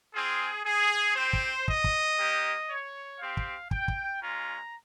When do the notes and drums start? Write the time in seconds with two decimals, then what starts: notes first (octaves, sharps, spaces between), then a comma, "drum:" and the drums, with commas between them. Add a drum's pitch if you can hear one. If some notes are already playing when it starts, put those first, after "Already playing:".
0.14 C4 F4 G#4
0.65 G#4
1.16 C4 G4 C5
1.33 drum: kick
1.68 D#5, drum: kick
1.84 drum: kick
2.18 A#3 D#4 G4
2.69 C#5
3.20 C4 G4 F5
3.37 drum: kick
3.71 G5, drum: kick
3.88 drum: kick
4.22 G#3 C#4 F4 A#5